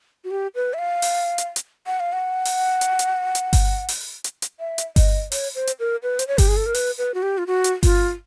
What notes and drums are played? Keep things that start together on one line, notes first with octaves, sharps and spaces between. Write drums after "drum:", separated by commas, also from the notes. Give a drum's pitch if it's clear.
F#4
G4
B4
E5
F5
drum: open hi-hat
drum: hi-hat
drum: hi-hat
F#5
F5
F#5
drum: open hi-hat
drum: hi-hat
drum: hi-hat
drum: hi-hat
drum: kick G1, open hi-hat
drum: open hi-hat
drum: hi-hat
drum: hi-hat
E5
drum: hi-hat
D#5, drum: kick G1, open hi-hat
C#5, drum: open hi-hat
C5
drum: hi-hat
A#4
B4
C5, drum: hi-hat
C#5
G4, drum: kick G1, open hi-hat
G#4
A4
A#4
B4, drum: open hi-hat
B4
F#4
G4
F4
F#4
drum: hi-hat
F4, drum: kick G1, open hi-hat